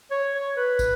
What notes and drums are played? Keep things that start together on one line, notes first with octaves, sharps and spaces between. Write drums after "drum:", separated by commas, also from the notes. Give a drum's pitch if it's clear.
C#5
C#5
B4
drum: kick, tambourine